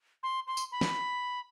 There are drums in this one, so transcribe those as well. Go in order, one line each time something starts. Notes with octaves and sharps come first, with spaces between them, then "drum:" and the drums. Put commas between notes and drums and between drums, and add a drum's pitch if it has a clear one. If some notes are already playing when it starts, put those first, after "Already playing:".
C6
C6
drum: tambourine
B5
drum: snare